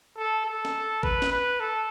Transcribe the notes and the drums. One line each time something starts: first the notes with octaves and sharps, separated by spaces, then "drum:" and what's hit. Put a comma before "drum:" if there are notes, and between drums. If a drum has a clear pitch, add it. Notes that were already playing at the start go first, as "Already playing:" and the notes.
A4
A4
drum: snare
B4, drum: kick G#1
drum: snare
B4
A4